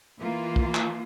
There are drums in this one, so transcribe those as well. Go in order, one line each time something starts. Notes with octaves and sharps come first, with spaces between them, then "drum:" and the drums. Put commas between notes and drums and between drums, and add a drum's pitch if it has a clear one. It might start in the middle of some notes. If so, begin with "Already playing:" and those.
E3 A#3 F4
drum: kick
drum: clap